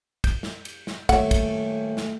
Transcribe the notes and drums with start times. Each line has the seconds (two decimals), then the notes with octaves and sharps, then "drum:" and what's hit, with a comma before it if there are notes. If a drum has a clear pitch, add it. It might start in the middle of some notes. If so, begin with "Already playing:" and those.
0.24 G6, drum: kick, cymbal
0.43 drum: snare
0.65 drum: cymbal
0.87 drum: snare
1.09 D#1 A3 C#5 F#5, drum: kick, cymbal
1.31 drum: kick, cymbal
1.97 drum: snare